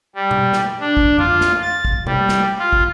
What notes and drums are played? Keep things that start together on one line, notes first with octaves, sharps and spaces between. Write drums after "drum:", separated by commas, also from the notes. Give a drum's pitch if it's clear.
G3
drum: tom B2
drum: snare
D4
drum: kick
F4, drum: tom F2
drum: snare
A6
drum: kick
G3, drum: tom C3
drum: snare
F4
drum: kick